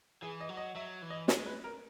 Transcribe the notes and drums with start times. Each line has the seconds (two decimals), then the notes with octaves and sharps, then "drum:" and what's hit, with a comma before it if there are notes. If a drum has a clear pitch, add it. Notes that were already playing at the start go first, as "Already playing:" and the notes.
0.22 E3 G#4
0.41 D#5
0.49 F#3
0.57 D#5
0.75 F#3 E5
1.02 E3
1.10 D#5
1.28 G#3 C#5, drum: snare
1.46 B4
1.64 A#4